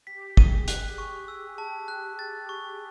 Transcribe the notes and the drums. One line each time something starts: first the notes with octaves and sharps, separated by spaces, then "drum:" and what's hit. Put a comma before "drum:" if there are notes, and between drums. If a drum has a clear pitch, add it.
G4 B6
G#4 D#7, drum: kick
F#6, drum: hi-hat
C#6
E6
A5
F#6
A6
C#6